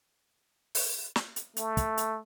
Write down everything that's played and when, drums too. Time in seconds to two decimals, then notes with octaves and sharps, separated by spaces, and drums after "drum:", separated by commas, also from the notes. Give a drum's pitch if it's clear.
0.75 drum: open hi-hat
1.16 drum: snare
1.36 drum: hi-hat
1.57 A3, drum: hi-hat
1.77 drum: kick, hi-hat
1.97 drum: hi-hat